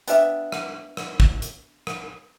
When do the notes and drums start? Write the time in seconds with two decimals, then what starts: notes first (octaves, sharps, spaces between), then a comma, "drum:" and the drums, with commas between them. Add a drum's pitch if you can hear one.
0.08 B3 D4 G4 E5, drum: hi-hat
0.52 drum: rim click
0.97 drum: rim click
1.20 drum: kick
1.42 drum: hi-hat
1.87 drum: rim click